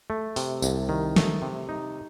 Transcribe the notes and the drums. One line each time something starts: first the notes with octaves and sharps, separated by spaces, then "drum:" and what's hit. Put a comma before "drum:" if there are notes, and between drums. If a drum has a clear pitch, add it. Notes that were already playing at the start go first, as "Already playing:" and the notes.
A3
C3, drum: open hi-hat
C2, drum: tambourine
D#3
A3, drum: snare
C3
D#4